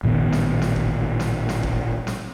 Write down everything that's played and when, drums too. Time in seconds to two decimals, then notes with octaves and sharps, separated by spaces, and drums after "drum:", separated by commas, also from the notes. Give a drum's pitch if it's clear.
0.03 A1 A#2 D#3 B3
0.33 drum: snare
0.62 drum: snare
0.76 drum: kick F#1
1.20 drum: snare
1.49 drum: snare
1.63 drum: kick F#1
2.07 drum: snare